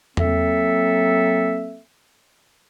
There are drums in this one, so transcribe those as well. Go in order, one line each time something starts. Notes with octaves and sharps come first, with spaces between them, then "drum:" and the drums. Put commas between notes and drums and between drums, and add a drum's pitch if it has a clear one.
F#3 A#3 C4 A4 E5, drum: tom E2